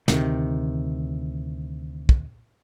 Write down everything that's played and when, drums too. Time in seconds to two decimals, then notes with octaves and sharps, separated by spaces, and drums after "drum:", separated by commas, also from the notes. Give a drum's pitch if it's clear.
0.08 D2 C3 D#3, drum: snare
2.09 drum: kick